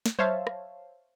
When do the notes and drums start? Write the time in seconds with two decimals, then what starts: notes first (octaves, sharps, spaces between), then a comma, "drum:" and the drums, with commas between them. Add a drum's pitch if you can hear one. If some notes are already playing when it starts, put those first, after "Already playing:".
0.06 drum: snare
0.19 C5 C#5 E5 F5 A5, drum: tom F#3
0.47 drum: rim click